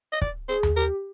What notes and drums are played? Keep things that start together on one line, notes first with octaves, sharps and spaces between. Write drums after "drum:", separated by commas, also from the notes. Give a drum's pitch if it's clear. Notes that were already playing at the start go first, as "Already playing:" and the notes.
D#5
D5, drum: kick
G#4 C5
drum: tom D#2
G4 A#4